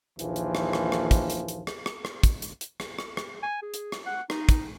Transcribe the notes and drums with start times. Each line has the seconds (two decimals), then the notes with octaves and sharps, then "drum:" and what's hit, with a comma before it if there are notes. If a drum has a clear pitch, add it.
0.19 A#1 D#2 E3 F3, drum: hi-hat
0.36 drum: hi-hat
0.55 drum: rim click
0.73 drum: rim click
0.92 drum: rim click
1.11 drum: kick, hi-hat
1.30 drum: hi-hat
1.48 drum: hi-hat
1.67 drum: rim click
1.86 drum: rim click
2.05 drum: rim click
2.23 drum: kick, hi-hat
2.42 drum: hi-hat
2.61 drum: hi-hat
2.80 drum: rim click
2.99 drum: rim click
3.17 drum: rim click
3.43 G#5
3.62 G#4
3.74 drum: hi-hat
3.92 drum: rim click
4.06 F#5
4.30 D#4, drum: rim click
4.49 drum: kick, hi-hat